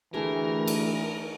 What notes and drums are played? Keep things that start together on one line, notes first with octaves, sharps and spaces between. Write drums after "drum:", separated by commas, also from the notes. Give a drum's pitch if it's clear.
D2 E3 A3 G4 G#4 A#4
drum: cymbal